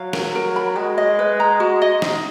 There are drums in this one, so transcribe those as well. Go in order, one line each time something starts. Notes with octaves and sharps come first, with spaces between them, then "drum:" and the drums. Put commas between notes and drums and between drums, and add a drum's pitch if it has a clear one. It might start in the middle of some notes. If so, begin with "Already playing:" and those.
Already playing: F#3 F5
A#4, drum: snare
A#4
B5
G#3 F#4
D#5
B4
A#5
F#4
D#5
D#4, drum: snare